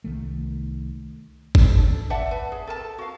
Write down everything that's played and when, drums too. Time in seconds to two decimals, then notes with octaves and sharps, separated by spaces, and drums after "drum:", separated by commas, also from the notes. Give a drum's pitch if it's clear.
0.04 C2 D#3 A3
1.55 drum: kick G1
1.77 A4
2.10 D5 E5 F#5 A5
2.31 B4
2.52 G#4
2.67 A4 A#4 A5
2.98 F#4 F5